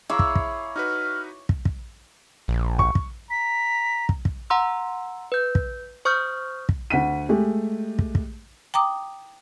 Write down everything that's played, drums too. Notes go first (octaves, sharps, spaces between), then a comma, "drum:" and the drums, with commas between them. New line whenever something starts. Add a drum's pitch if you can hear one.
E4 G#4 C#5 F5 A#5 D6
drum: kick
drum: kick
D#4 F#4 B4 F6
drum: kick
drum: kick
A#1
C#6, drum: kick
drum: kick
A#5 B6
drum: kick
drum: kick
F#5 A#5 C6 E6
B4 G6
drum: kick
C5 C#6 D#6 F6 G6
drum: kick
D2 F#5 B6 D#7
G#3 A3 G4
drum: kick
drum: kick
G5 A#5 D6 D#6